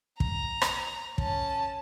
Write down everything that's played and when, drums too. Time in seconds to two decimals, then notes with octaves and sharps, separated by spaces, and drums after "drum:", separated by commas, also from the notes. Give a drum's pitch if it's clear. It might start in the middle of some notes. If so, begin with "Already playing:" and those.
0.20 A#5, drum: kick
0.62 drum: rim click
1.18 C#4 A5, drum: kick